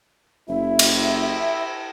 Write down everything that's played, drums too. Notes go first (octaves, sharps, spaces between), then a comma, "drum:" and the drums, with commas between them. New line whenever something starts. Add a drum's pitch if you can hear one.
F#1 E4 E5
drum: cymbal